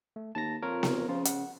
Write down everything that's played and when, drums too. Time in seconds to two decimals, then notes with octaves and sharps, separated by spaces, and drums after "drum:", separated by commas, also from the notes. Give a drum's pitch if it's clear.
0.16 A3
0.35 D#2 A5 A#6
0.62 F2 F4 A#4 C#5
0.83 drum: snare B3
1.08 C#3 F3 F4
1.25 F#5, drum: hi-hat